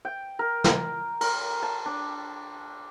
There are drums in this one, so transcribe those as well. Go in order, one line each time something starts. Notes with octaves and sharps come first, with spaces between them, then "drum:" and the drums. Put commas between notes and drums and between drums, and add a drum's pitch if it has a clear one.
G5
A#4
drum: snare
A#4, drum: cymbal
A5
D4